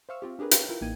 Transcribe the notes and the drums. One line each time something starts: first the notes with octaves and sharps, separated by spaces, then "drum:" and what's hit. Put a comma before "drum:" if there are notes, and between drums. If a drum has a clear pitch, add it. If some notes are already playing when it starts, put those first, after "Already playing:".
C5 E5 F5 C#6 E6
C4 F4 G4
D4 G4 G#4 A#4 B4
A#4 B4 C#5 E5 F5 G5, drum: hi-hat
E4 F4 A#4 E5
A1 A#3 D#4 G5 G#6 D#7